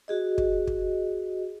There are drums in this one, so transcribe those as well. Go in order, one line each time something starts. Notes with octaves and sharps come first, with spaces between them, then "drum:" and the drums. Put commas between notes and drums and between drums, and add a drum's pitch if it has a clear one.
F#4 G#4 D#5
drum: kick
drum: kick